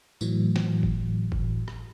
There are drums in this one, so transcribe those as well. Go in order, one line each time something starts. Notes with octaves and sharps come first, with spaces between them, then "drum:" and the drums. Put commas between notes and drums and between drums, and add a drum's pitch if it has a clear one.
A2 E3 F#3, drum: tambourine
drum: snare
drum: kick G1
drum: kick G1
drum: rim click